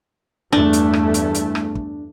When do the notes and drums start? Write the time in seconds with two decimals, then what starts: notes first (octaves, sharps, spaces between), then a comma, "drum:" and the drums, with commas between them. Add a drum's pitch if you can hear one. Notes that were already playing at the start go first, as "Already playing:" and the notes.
0.52 E2 G2 A3 D4, drum: rim click
0.73 drum: hi-hat
0.93 drum: rim click
1.14 drum: hi-hat
1.34 drum: hi-hat
1.55 drum: rim click
1.75 drum: kick